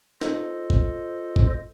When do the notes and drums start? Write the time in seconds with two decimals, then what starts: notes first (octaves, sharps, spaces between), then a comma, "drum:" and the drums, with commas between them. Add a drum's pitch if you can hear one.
0.21 F4 A4 C5 D#5, drum: snare D#4
0.70 drum: kick G#1
1.36 drum: kick G#1